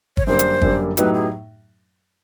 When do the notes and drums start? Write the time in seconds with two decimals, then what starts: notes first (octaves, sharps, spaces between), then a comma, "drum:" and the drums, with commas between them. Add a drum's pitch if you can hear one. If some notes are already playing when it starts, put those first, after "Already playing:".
0.17 C#5, drum: kick
0.26 F#2 D3 G3 A#3 C5
0.39 drum: hi-hat
0.61 F#2 D3 G3 A#3, drum: kick
0.97 A2 F#3 B3 D#4 G4 B4, drum: hi-hat
1.15 G#4